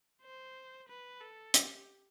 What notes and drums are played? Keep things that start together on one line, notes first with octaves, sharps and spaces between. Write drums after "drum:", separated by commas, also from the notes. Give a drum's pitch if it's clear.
C5
B4
A4
G4, drum: hi-hat